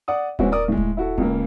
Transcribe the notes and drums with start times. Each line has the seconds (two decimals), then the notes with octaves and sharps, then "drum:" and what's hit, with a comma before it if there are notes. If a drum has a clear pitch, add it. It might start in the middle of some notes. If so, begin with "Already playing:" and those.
0.08 D5 F#5 D#6
0.39 E3 G#3 C4 C#4 E4 F#4, drum: kick D#1
0.52 A#4 D5 D#6
0.68 A2 G#3
0.78 drum: kick D#1
0.97 E4 F#4 A4
1.18 C#2 C#3 A#3, drum: kick D#1